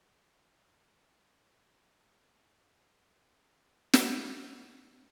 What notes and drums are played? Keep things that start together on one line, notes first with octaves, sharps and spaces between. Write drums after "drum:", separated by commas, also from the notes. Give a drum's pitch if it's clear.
A1
D#3 F3
C#4
E6
B3 F4
drum: snare
G4 B4 C5